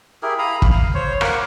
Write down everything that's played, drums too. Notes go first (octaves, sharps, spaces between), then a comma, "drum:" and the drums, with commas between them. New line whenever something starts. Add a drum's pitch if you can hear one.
E4 G4 G#4 A#4
F5 A#5 B5 D#6
F5, drum: kick
C5 C#5
A#4 F5 F#5 D6, drum: rim click